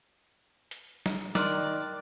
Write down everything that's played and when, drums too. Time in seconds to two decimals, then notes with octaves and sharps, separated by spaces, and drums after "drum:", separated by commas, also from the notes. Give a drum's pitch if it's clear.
0.71 drum: hi-hat
1.06 drum: snare
1.35 D#3 D5 C6 F6 F#6, drum: snare